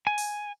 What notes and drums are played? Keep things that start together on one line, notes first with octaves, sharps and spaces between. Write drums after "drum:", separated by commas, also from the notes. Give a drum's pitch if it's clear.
G#5
drum: open hi-hat